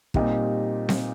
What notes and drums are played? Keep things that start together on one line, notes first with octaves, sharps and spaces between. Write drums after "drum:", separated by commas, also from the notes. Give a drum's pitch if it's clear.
A#2 G3 C4 D#4 G4, drum: kick
drum: snare C4